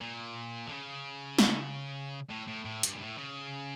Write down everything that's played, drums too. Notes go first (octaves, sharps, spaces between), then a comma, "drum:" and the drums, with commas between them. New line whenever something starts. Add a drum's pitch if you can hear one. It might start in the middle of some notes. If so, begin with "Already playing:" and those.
A#2
D3
C#3
drum: snare
A2
A2
A2
G2, drum: hi-hat
A#2
A2
C#3